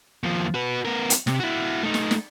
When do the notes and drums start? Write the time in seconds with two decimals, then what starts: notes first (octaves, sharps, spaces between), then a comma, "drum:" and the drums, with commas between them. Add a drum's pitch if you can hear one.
0.23 D#2 F3
0.55 F#4 B4
0.85 B3 A#4
1.10 drum: hi-hat
1.27 C3, drum: snare
1.40 E4 F#4
1.83 A3 D#4
1.94 drum: snare
2.11 drum: snare